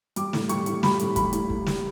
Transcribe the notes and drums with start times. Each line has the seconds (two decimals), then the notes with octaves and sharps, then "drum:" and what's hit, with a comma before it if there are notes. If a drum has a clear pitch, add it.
0.16 G3 D6, drum: hi-hat
0.33 A2, drum: snare
0.49 G3 C#6, drum: hi-hat
0.66 A2, drum: hi-hat
0.83 G3 B5, drum: snare
0.99 A2, drum: hi-hat
1.16 G3 B5, drum: kick, hi-hat
1.33 A2, drum: hi-hat
1.50 drum: kick
1.66 drum: snare